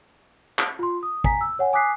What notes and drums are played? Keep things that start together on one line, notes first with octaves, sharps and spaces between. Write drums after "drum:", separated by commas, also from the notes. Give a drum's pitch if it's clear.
drum: clap
F4 C6
D#6
G#5 A#5 B6, drum: kick
E6
C#5 F#5 G#5
G#5 D6 D#6 F#6 B6 C7